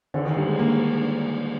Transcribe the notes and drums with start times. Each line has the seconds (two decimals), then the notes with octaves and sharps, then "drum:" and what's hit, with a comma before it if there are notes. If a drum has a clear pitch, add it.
0.14 D3, drum: cymbal
0.25 D#3
0.37 G3
0.48 G#3
0.59 A#3